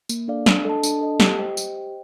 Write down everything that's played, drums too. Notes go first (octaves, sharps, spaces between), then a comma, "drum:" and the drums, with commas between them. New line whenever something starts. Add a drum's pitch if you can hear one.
A#3, drum: tambourine
D4 A4 D5 F5
D4, drum: snare
A4 D#5 A5
D4, drum: tambourine
A4 D#5 A5
G4, drum: snare
C5 D#5 G5
G4, drum: tambourine
C5 D#5 G5